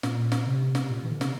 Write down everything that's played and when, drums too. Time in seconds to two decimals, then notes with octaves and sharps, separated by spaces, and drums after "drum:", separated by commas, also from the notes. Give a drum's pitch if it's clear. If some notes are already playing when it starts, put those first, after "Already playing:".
0.03 A#2, drum: snare
0.32 drum: snare
0.46 C3
0.75 drum: snare
0.89 A#2
1.03 E3
1.11 D3
1.21 C3, drum: snare